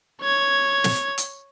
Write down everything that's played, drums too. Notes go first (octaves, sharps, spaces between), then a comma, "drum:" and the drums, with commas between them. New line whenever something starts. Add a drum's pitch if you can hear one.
C#5 G#6
drum: snare
drum: hi-hat